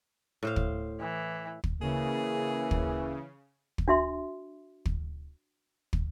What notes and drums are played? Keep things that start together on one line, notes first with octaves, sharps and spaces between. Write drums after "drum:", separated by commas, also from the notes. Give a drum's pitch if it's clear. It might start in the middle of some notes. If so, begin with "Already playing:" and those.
A2 C5 F5
drum: kick
E3
drum: kick
C#3 E3 A#3 G#4
drum: kick
drum: kick
D4 F#4 E5 C6
drum: kick
drum: kick